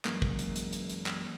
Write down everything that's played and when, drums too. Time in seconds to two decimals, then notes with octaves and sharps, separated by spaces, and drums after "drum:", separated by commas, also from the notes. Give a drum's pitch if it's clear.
0.05 F#2 E3 G#3 A#3, drum: clap
0.22 drum: kick
0.39 drum: hi-hat
0.56 drum: hi-hat
0.73 drum: hi-hat
0.90 drum: hi-hat
1.06 drum: clap